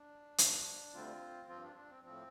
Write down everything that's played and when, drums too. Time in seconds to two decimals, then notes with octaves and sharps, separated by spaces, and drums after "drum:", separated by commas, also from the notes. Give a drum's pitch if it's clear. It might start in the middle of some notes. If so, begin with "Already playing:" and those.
Already playing: D4
0.38 G2 F3, drum: hi-hat
0.93 D2 D3 G3 C4 F4
1.48 G2 F3 C4 F4
1.63 D4
1.76 D4
1.90 C4
2.04 A2 F3 C4